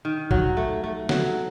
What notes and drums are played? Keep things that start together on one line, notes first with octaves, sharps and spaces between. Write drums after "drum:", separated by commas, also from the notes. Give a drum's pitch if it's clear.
D#3
F#3, drum: kick
A3
A3
F#3, drum: snare